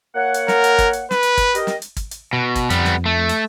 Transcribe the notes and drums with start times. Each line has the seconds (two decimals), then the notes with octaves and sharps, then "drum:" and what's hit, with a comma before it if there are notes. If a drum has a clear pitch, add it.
0.16 A#3 C#5 F#5
0.34 drum: hi-hat
0.48 A#4, drum: snare
0.64 drum: hi-hat
0.78 drum: kick G#1, hi-hat
0.93 drum: hi-hat
1.11 B4, drum: snare
1.23 drum: hi-hat
1.37 drum: kick G#1, hi-hat
1.55 G4 A#4 D#5, drum: hi-hat
1.67 drum: snare
1.82 drum: hi-hat
1.96 drum: kick G#1, hi-hat
2.11 drum: hi-hat
2.33 B2
2.55 drum: kick G#1, hi-hat
2.70 F2 G3 B3, drum: hi-hat
2.85 drum: snare
3.06 A3
3.29 drum: hi-hat